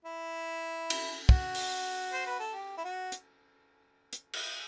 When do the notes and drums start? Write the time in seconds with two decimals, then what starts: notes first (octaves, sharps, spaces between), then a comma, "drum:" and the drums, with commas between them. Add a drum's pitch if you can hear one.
0.05 E4
0.90 drum: cymbal
1.29 F#4, drum: kick
1.55 drum: open hi-hat
2.13 C5
2.27 B4
2.40 A4
2.53 G4
2.77 E4
2.84 F#4
3.12 drum: hi-hat
4.13 drum: hi-hat
4.33 drum: cymbal